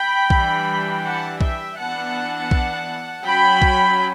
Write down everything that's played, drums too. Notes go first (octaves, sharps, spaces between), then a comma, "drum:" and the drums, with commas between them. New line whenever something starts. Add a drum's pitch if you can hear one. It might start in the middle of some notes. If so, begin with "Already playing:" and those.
Already playing: G5 B5
E3 G3 D4, drum: kick B1
F#5 A5
E5 G5, drum: kick B1
E3 B3 D4 F#5 A5
drum: kick B1
F#3 C#4 G5 B5
drum: kick B1